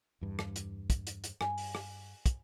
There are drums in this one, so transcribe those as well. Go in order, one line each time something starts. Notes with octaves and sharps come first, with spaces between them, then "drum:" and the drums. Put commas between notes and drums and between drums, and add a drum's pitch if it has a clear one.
E2 G2
drum: rim click
drum: hi-hat
drum: kick, hi-hat
drum: hi-hat
drum: hi-hat
G2 G#5, drum: rim click
drum: open hi-hat
drum: rim click
drum: kick, hi-hat